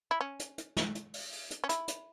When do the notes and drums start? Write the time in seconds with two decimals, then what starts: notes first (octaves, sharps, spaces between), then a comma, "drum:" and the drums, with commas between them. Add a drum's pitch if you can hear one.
0.11 E4
0.21 C#4
0.39 drum: hi-hat
0.58 drum: hi-hat
0.77 drum: snare
0.95 drum: hi-hat
1.14 drum: open hi-hat
1.32 drum: open hi-hat
1.51 drum: hi-hat
1.64 C#4
1.69 E4, drum: hi-hat
1.88 drum: hi-hat